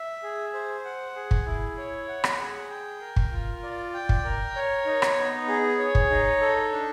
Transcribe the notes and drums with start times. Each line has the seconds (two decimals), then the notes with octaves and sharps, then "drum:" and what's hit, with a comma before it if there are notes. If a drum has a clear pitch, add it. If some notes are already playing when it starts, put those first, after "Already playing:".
Already playing: E5
0.23 G#4
0.53 C5
0.85 F#5
1.16 G#4
1.31 drum: kick
1.46 E4
1.78 C#5
2.08 F#5
2.24 drum: rim click
2.39 G#4
2.70 G5
3.01 A#4
3.16 drum: kick
3.32 F4
3.63 D5
3.94 G5
4.09 drum: kick
4.24 A#4
4.56 C#5
4.86 D#4
5.02 drum: rim click
5.17 B3
5.48 G#4
5.79 C#5
5.95 drum: kick
6.10 D#4
6.41 A4
6.72 D4